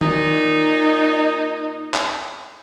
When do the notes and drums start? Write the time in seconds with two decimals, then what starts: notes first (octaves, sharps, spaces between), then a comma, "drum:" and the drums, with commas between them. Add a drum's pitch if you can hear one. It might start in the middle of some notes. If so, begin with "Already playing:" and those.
0.01 A#2 D#4, drum: tom D#3
1.94 drum: clap